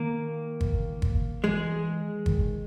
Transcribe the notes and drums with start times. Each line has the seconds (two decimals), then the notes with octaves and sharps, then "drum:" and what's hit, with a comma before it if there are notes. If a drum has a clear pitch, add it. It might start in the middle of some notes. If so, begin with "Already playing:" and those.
Already playing: D#3 A#3 A#4
0.61 drum: kick G1
1.02 drum: kick G1
1.43 E3 G#3 G#4
2.26 D#3, drum: kick G1